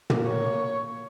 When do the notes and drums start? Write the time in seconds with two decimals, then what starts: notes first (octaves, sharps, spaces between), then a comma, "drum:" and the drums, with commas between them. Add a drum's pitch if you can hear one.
0.10 A#3, drum: tom
0.26 C#5